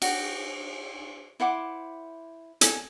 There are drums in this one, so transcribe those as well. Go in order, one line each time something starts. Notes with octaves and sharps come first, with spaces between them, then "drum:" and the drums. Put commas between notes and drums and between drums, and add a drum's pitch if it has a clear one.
F#4 G5, drum: cymbal
E4 C5 F#5 D6
A4 G#5, drum: hi-hat